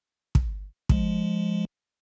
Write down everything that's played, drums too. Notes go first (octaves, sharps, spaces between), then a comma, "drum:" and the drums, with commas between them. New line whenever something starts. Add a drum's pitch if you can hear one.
drum: kick
F3 G#3, drum: kick